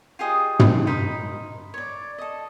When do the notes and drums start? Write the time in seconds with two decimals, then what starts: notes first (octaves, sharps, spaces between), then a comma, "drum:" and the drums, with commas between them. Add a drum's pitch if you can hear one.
0.19 F4 G4 G#4 D#5
0.59 drum: tom
0.87 D#4 A#4 C5 B5
1.74 C#5 D5
2.18 A4 D#5